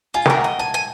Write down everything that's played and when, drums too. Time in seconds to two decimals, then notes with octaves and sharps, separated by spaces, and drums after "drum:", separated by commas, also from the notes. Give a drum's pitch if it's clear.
0.14 F4 G#5
0.26 A#4 G5, drum: snare
0.37 F#5
0.44 D#5
0.59 G#5 A5
0.74 G#5